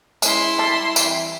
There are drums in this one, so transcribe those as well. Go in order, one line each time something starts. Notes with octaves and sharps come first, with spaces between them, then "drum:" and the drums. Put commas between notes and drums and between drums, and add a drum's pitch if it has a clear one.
G#3 C#4 E4 C6, drum: tambourine
G3 A4
E3 G3 C4, drum: tambourine